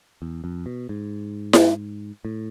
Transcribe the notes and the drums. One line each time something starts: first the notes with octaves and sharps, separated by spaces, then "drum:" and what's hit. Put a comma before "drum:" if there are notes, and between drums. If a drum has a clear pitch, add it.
E2
F2
B2
G#2
drum: snare E4
A2